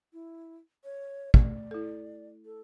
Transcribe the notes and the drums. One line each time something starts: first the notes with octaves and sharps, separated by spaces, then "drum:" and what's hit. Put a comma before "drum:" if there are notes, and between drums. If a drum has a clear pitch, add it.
E4
C#5
A3 D5, drum: kick
E4 A4
A4